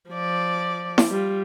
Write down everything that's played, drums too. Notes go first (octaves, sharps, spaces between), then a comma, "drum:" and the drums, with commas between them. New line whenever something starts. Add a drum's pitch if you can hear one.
F3 D5
drum: snare E4
G3 F4